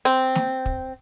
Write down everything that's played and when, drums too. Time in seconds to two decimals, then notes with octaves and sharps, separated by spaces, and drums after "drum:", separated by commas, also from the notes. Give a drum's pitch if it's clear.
0.05 C4
0.35 drum: snare
0.66 drum: kick